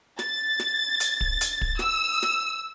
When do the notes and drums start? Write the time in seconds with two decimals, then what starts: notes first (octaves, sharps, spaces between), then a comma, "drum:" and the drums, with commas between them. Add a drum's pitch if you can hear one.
0.19 A6, drum: snare
0.60 drum: snare
1.00 drum: hi-hat
1.21 drum: kick
1.41 drum: hi-hat
1.61 drum: kick
1.79 E6, drum: snare
2.23 drum: snare